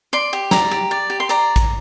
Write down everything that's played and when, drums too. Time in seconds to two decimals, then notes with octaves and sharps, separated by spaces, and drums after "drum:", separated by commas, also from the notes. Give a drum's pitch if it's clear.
0.13 D5 C6
0.33 G4
0.51 D5 A#5, drum: snare
0.71 G4
0.91 D5
1.10 G4
1.20 C6
1.29 D5 A#5, drum: hi-hat
1.56 drum: kick, hi-hat